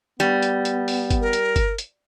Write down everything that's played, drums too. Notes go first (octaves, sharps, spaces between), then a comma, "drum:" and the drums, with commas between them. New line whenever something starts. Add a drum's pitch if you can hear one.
G3 B3, drum: hi-hat
drum: hi-hat
drum: hi-hat
drum: open hi-hat
drum: kick G1, hi-hat
A#4
drum: hi-hat
drum: kick G1, hi-hat
drum: hi-hat